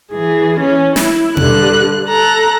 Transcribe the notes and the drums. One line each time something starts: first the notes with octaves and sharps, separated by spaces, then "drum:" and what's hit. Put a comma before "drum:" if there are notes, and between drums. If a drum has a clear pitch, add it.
E3 G#4
C#4
E4, drum: snare
G2 D3 F#6, drum: tom B2
A4 A#5 F#6